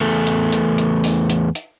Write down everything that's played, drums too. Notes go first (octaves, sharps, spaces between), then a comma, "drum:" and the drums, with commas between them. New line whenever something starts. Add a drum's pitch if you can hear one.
E2 A3
drum: hi-hat
drum: hi-hat
drum: hi-hat
drum: open hi-hat
drum: hi-hat
drum: hi-hat